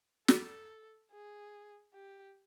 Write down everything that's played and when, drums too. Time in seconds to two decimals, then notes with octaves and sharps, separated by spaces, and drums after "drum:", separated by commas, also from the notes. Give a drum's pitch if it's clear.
0.28 A4, drum: snare
1.11 G#4
1.94 G4